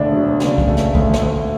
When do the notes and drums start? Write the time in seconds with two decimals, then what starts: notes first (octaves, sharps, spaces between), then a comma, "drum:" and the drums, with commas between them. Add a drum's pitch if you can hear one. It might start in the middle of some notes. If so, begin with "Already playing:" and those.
Already playing: E1 D2 D4
0.12 F#3
0.40 C#3, drum: snare
0.58 drum: kick
0.67 A3
0.77 drum: snare
0.95 D2, drum: kick
1.13 drum: snare
1.23 D2